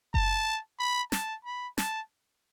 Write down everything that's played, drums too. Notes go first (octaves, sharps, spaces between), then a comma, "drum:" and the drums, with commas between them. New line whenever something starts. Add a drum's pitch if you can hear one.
A5, drum: kick F#1
B5
A5, drum: snare
B5
A5, drum: snare